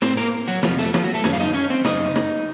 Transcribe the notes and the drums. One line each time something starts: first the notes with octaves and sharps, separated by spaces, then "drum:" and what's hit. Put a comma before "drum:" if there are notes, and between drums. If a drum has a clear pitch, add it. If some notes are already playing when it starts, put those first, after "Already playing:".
A2 C4 C5, drum: snare
A#3 A#4
F#3 F#4
F2 C3 D#3 F3 F4, drum: snare
A3 A4
F3 F4, drum: snare
F#3 F#4
A3 A4
F#2 D#3 C#4 C#5, drum: snare
F5
D#4 D#5
C#4 C#5
C4 C5
F#2 C#3 D#4 D#5, drum: snare
drum: snare